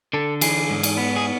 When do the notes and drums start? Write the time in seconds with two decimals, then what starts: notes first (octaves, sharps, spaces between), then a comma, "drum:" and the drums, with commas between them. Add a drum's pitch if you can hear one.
0.13 D3 A4
0.41 E3 G#4, drum: cymbal
0.70 G#2
0.83 drum: cymbal
0.97 B3
1.16 G#4